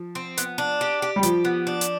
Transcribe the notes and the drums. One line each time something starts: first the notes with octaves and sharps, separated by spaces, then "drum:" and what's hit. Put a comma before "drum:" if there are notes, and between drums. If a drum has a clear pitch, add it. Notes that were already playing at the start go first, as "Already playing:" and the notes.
Already playing: F3
C4
B3, drum: hi-hat
D4
G4
G4
G3
F3 G4, drum: hi-hat
B3
D4
drum: hi-hat